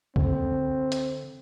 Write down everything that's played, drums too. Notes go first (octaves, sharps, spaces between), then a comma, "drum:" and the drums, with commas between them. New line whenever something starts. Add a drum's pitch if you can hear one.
D3 C4, drum: kick C2
drum: hi-hat